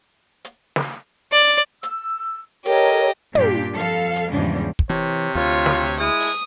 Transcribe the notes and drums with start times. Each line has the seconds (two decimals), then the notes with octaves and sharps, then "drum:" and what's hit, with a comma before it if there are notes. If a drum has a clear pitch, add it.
0.45 drum: hi-hat
0.76 drum: snare
1.31 D5
1.83 E6, drum: hi-hat
2.65 G4 A4 A#4 C#5 D#5, drum: hi-hat
3.35 G2 A#2 D4 G4, drum: tom
3.75 F2 A4 F5
4.16 drum: hi-hat
4.31 E2 G#2 C#3 F3 G3 D4
4.79 drum: kick
4.90 C3 E3 C#5
5.35 D2 F4 C#5
5.66 drum: snare
6.00 G#3 E4 D#6
6.20 drum: open hi-hat